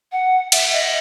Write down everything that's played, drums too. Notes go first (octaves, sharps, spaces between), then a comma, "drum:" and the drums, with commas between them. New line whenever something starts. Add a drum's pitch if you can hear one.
F#5
E5, drum: cymbal
D#5